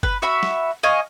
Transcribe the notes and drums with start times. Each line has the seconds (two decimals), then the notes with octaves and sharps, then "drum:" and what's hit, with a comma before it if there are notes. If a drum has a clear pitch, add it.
0.03 B4, drum: kick G1
0.22 F#4 E5 B5
0.43 drum: snare
0.83 D#5 F5 G#5 C#6